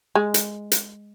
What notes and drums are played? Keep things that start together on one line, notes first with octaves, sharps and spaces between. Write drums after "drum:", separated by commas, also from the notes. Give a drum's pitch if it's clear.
G#3
drum: hi-hat
drum: hi-hat